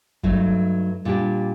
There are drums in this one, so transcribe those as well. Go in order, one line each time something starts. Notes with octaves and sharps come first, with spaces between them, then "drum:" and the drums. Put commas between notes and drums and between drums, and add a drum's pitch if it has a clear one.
G2 F#3 A3 D#4, drum: kick
A#2 G3 D4 G4